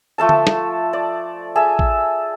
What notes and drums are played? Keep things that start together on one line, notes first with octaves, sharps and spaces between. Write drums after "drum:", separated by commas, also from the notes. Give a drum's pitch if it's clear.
F3 A3 A4 A5
drum: tom D3
drum: snare
D5
G#4 A4 E5
drum: kick A1